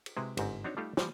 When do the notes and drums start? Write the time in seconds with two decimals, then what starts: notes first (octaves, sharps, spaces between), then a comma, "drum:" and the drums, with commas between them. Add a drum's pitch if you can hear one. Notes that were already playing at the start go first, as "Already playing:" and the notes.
0.06 drum: cymbal
0.17 C3 G#3 E4 F#4 B4 C5
0.37 G1 G#2 C4, drum: cymbal
0.64 C4 D4 D#4 F#4 C#5
0.77 G3 A3 D#4 F4 G4 A4
0.97 E3 F3 G3, drum: snare